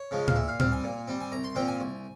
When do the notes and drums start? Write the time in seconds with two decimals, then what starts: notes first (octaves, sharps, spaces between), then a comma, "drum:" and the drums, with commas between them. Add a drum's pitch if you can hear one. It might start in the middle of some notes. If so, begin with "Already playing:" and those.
Already playing: C#5
0.11 C#3 F3 G#3
0.28 F5, drum: tom A2
0.35 A#2 E5
0.48 F5
0.60 G3 C4 F5, drum: tom A2
0.72 G#5
0.84 A#2
1.08 G3 C4
1.21 G#5
1.32 C2 A#5
1.44 C6
1.55 A#2 F3 C4 G5
1.68 G#5
1.80 C2